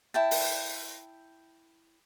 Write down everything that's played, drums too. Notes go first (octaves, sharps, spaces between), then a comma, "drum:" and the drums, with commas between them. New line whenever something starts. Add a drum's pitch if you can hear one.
E4 G5 A5
drum: open hi-hat